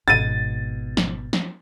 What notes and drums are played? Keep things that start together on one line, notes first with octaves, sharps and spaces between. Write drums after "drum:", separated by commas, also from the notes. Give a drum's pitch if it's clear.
G#1 B2 A6 D#7
drum: snare
drum: snare